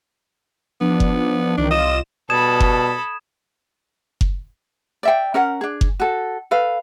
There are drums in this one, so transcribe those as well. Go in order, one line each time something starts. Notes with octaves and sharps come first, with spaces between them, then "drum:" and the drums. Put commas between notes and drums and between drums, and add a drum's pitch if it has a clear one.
F3 B3 D4
drum: kick F#1
C2 D#3 E3 D4
C2 F4 D#5 E7
B2 G3 A4 A5 B5 D#6 G#6 E7
drum: kick F#1
drum: kick F#1
D5 E5 G5
C#4 A#4 F#5
D4 G#4
drum: kick F#1
F#4 A4
A4 B4 F5